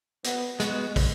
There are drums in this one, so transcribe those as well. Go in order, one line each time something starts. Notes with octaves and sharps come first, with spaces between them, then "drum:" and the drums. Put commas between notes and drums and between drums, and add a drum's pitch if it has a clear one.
B3, drum: hi-hat
G#3 B3 F#4, drum: hi-hat
drum: kick, open hi-hat